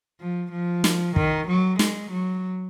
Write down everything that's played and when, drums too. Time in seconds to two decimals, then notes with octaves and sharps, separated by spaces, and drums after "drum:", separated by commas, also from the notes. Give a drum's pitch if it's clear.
0.21 F3
0.52 F3
0.84 drum: snare
1.16 D#3, drum: kick
1.47 F#3
1.79 G#3, drum: snare
2.11 F#3